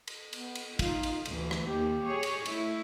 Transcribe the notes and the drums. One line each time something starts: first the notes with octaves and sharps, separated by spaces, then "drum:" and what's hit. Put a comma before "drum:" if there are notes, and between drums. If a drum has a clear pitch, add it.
drum: cymbal
B3, drum: cymbal
drum: cymbal
D#4 F4, drum: kick, cymbal
drum: cymbal
D2 E3, drum: cymbal
drum: rim click
D#2 G4
G#4 C#5
drum: cymbal
A3 E4, drum: cymbal